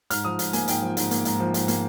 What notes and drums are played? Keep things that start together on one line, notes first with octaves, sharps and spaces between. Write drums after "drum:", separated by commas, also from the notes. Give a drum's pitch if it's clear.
G#2 F6, drum: hi-hat
F3 D#6
G#2, drum: hi-hat
A#3 G#5, drum: hi-hat
G#2 G5, drum: hi-hat
F3
G#2, drum: hi-hat
A#3, drum: hi-hat
G#2, drum: hi-hat
F3
G#2, drum: hi-hat
A#3, drum: hi-hat